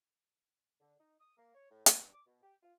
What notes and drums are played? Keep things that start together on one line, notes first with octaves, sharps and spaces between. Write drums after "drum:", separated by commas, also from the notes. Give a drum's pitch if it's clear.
D3
D#4
D#6
A#3
C#5
A2
F3, drum: hi-hat
G2
D6
B2
G4
F4